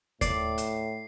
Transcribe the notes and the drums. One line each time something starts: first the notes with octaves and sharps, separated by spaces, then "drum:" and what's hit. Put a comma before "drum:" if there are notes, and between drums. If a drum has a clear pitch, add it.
A2 D5 C7, drum: kick D#2, hi-hat
drum: hi-hat